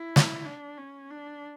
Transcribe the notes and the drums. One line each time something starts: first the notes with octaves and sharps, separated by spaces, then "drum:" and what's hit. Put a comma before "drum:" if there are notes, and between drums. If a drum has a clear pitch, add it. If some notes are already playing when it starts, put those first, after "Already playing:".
Already playing: E4
drum: snare
D4
C#4
D4